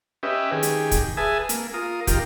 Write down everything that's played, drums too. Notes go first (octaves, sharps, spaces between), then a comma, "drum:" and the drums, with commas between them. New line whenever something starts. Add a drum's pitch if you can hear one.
C#4 G4 B4 D#5 E5
D#3 G4 G#4
drum: hi-hat
drum: kick, hi-hat
G#4 B4 E5 G#5 A5 D#6
A#3, drum: hi-hat
F4 A#4 D#6
D#3 F4 G4 A#4, drum: kick, hi-hat